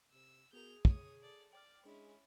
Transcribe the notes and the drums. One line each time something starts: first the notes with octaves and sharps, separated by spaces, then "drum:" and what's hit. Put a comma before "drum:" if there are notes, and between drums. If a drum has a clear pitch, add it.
C3 E6
B3 F#4 G#4 A#4 G6 F7
B2 D3 C#5 D#6, drum: kick
A4 D5
D5 G5 D6 F6
G#3 C#4 D4 E4 G#4